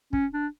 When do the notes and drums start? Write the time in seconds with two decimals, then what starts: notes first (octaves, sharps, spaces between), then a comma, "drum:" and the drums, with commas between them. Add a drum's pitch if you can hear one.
0.13 C#4, drum: kick
0.33 D4